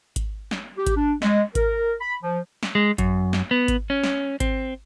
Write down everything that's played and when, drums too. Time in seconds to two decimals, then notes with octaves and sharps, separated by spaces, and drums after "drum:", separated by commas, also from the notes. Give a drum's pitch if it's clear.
0.16 drum: kick G#1, hi-hat
0.51 drum: snare
0.77 G4
0.87 drum: kick G#1, hi-hat
0.96 D4
1.22 G#3, drum: snare
1.55 A#4, drum: kick G#1, hi-hat
2.00 B5
2.23 F3
2.63 drum: snare
2.75 G#3
2.98 F#2, drum: kick G#1, hi-hat
3.33 drum: snare
3.51 B3
3.68 drum: kick G#1, hi-hat
3.90 C#4
4.04 drum: snare
4.40 C4, drum: kick G#1, hi-hat